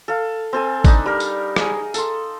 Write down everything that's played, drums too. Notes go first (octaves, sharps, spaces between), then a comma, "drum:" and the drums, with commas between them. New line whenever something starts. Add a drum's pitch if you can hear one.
A4 F5
C4 A4 G#5
D4 D#4 B5, drum: kick G#1, tambourine
G3 A#4
drum: tambourine
G#4 D#5, drum: rim click
A4 C6, drum: tambourine